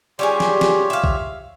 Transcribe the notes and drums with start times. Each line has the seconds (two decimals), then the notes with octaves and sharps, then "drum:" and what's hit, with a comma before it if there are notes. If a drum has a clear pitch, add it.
0.19 G3 C#4 F4 G4 G#4 C#5
0.40 drum: snare
0.61 drum: snare
0.90 E5 F5
1.04 drum: kick